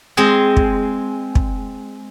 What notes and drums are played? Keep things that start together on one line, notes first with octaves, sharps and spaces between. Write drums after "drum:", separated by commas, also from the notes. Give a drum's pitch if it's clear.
G#3 C4 G#4
drum: kick
drum: kick